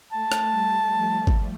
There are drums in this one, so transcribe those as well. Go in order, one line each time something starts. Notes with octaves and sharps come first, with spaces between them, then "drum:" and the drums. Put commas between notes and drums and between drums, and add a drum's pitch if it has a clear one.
A3 A5
drum: rim click
G3
F3
G3, drum: kick